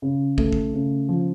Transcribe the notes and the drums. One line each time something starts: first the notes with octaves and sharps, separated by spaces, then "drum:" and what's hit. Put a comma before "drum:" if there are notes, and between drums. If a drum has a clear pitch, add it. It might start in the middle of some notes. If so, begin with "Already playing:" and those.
C#3
A3, drum: kick
drum: kick
C#3
F3